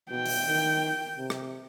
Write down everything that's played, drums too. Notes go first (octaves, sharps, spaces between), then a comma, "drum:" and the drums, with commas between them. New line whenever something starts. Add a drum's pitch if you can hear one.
B2 G5
drum: open hi-hat
D#3
C3
drum: rim click